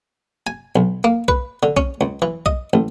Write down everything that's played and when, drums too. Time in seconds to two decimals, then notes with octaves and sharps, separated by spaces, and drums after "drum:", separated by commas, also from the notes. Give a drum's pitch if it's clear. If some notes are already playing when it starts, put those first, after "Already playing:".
0.47 G#5
0.76 B1
1.04 A#3
1.28 B4, drum: kick B1
1.63 D3
1.77 C#4, drum: kick B1
2.01 C#2
2.22 E3
2.46 D#5, drum: kick B1
2.73 A1